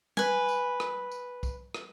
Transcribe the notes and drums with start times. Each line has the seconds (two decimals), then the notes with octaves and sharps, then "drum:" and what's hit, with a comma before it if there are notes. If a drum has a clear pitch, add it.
0.17 B4 G#5, drum: tom G3
0.49 drum: tambourine
0.80 drum: rim click
1.11 drum: tambourine
1.43 drum: kick, tambourine
1.74 drum: rim click